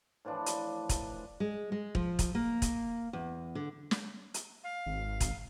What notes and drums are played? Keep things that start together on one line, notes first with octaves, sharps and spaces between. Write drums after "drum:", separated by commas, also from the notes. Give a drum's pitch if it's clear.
A2 E3 F3 D4
drum: hi-hat
drum: kick, hi-hat
G#3
G#3
F3, drum: kick
drum: kick, hi-hat
A#3
drum: kick, hi-hat
E2
D3
drum: snare
drum: hi-hat
F5
G#1
drum: kick, hi-hat